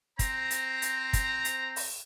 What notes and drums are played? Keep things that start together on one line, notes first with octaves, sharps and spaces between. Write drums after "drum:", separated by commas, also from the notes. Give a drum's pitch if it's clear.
C4 C5 A#5, drum: kick, hi-hat
drum: hi-hat
drum: hi-hat
drum: kick, hi-hat
drum: hi-hat
drum: open hi-hat